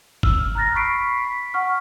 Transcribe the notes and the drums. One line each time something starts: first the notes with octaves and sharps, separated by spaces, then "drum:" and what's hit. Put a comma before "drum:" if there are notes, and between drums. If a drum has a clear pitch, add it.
E6 F6, drum: kick F#1
A#5 F6 F#6 A6 A#6
B5 C#6 B6 C7 D7
B6
F#5 C#6 F6